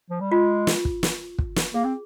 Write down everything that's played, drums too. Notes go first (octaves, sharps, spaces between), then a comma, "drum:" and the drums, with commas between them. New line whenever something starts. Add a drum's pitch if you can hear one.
F3
G3
G#3 F4
drum: snare
drum: kick
drum: snare
drum: kick
drum: snare
A#3 G#4
C4